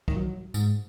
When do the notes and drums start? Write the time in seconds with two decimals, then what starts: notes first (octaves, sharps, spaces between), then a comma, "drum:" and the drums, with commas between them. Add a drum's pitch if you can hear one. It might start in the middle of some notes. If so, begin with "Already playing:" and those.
0.08 D#3, drum: kick
0.16 F#3
0.54 G#2, drum: tambourine